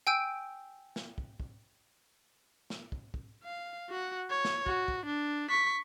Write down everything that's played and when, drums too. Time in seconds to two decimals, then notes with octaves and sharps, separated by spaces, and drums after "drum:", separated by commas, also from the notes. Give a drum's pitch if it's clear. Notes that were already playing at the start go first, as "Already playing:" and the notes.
0.07 G5 G#5 E6 G6 D7
0.96 drum: snare
1.18 drum: kick
1.40 drum: kick
2.70 drum: snare
2.92 drum: kick
3.14 drum: kick
3.44 F5
3.89 F#4 F#5
4.30 C#5
4.45 drum: snare
4.66 F#4, drum: kick
4.88 drum: kick
5.06 D4
5.50 C#6 B6